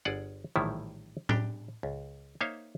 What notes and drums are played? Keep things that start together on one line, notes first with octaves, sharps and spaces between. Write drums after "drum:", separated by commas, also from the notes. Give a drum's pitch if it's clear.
G1 G#4 D5 F#5
A#1 A2 D#3 E3 G3 E4
D4 G4 G5, drum: tom A2
C#2
A#3 D#4 C5 C#5 E5 F5